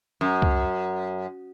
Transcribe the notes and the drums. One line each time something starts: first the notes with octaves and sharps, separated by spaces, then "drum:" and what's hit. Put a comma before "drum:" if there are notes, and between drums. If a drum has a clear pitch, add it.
F#2
drum: kick C2